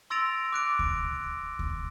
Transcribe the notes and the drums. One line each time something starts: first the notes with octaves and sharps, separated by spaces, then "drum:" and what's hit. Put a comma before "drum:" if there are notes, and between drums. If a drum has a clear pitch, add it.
C6 E6 A6 A#6 D7 F7
D6 F#6 D7
drum: kick D2
drum: kick D2